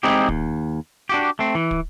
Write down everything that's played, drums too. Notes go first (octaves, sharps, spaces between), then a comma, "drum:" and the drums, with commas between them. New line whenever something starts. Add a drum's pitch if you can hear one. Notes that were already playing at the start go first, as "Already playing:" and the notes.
G#3 C4 D#4 E4 G4
D#2, drum: kick
D4 F#4 G4
A3 C4
E3
drum: kick